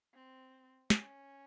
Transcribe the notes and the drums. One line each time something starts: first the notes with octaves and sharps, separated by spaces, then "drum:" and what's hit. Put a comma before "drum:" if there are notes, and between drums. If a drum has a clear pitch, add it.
C4
C#4, drum: snare